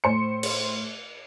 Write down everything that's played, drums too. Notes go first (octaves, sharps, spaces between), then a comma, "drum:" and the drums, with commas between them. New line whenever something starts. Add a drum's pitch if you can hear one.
A2 C5 C#7
drum: cymbal